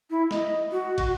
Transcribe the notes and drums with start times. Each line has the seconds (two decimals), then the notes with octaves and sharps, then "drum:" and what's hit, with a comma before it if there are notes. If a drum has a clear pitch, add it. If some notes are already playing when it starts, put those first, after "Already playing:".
0.10 E4
0.31 D#5, drum: snare
0.71 F#4
0.98 drum: kick, cymbal